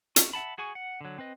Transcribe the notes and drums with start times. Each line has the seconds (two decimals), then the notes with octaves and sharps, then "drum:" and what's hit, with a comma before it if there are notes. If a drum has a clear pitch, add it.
0.16 F#4, drum: hi-hat
0.33 E5 F#5 A5 B5
0.58 F#4 G#4 G#5 C#6
0.75 F#5
1.01 D3 F#3
1.19 C4 B4 D#5